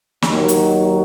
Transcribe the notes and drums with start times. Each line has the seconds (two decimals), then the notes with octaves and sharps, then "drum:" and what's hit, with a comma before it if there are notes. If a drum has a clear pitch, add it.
0.22 D#2 D#3 F#3, drum: snare
0.48 drum: hi-hat